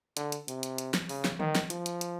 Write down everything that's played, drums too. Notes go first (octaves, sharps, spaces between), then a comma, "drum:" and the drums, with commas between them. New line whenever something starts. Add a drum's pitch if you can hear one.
D3, drum: hi-hat
drum: hi-hat
C3, drum: hi-hat
drum: hi-hat
drum: hi-hat
drum: snare
C#3, drum: open hi-hat
drum: snare
D#3, drum: tom D3
drum: snare
F3, drum: hi-hat
drum: hi-hat
drum: hi-hat